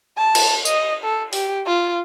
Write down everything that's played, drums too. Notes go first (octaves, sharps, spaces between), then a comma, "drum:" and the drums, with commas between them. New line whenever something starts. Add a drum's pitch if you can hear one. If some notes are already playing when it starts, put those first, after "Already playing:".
A5
drum: cymbal
D#5, drum: tambourine
A4
G4, drum: open hi-hat
F4